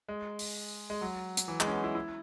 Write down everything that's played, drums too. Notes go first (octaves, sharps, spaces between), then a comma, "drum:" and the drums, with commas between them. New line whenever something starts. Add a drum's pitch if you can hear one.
G#3
drum: open hi-hat
G#3
F#3
drum: hi-hat
E3
G#3, drum: clap
C#4
B3
E4
E4